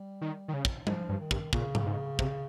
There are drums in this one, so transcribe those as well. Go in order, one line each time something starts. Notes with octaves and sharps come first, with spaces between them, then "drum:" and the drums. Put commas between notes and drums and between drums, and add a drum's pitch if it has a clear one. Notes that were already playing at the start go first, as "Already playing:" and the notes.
Already playing: G3
D#3
D#3
C#3
drum: kick
G#2 F3, drum: tom G3
G2
D#3
G2, drum: kick
A#2 C#3, drum: kick
drum: tom G#2
G#2
C3, drum: kick